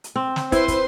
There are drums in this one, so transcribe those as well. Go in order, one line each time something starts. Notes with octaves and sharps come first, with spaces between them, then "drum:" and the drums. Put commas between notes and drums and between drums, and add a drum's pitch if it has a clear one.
drum: hi-hat
C4
drum: snare
E4 B4 C5 C6, drum: kick, hi-hat
drum: kick, hi-hat